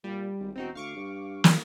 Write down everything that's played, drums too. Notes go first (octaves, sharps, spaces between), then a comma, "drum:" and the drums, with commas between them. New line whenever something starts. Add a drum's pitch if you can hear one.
A#2 G3
G#1
E1 C4 D#4 F#4
D2 F5 C#6 D6
G2
drum: snare